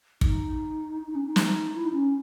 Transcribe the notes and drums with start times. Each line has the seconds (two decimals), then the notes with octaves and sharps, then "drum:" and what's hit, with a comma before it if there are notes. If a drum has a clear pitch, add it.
0.21 D#4, drum: kick
1.07 D#4
1.15 C#4
1.24 D#4
1.36 drum: snare
1.75 E4
1.85 D#4
1.93 C#4